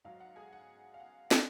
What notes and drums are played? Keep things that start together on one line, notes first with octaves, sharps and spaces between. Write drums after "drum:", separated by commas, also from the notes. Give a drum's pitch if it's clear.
G#2 F#3 F5
F#5
G#4 G#5
F#5
F5
F#5
drum: snare